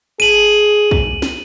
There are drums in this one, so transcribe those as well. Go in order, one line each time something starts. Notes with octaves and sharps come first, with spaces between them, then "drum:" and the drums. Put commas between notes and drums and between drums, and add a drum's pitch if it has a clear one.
G#4 D#7 F#7
drum: kick
drum: snare